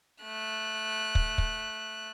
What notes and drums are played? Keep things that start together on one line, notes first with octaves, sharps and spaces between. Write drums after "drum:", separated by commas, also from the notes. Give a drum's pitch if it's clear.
A3 F#6
drum: kick
drum: kick